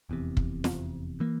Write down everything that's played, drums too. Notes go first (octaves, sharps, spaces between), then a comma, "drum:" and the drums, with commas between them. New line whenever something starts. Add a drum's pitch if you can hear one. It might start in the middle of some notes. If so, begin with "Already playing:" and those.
F1 E2 C3
drum: kick
drum: snare
E3 A#3